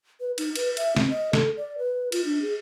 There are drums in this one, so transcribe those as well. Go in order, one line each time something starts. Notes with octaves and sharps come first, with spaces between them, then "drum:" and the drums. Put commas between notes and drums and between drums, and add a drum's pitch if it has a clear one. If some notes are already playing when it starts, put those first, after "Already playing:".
B4
D#4, drum: cymbal
B4, drum: cymbal
E5, drum: cymbal
C4, drum: snare
D#5
A4, drum: snare
D5
B4
F4, drum: cymbal
D4
G#4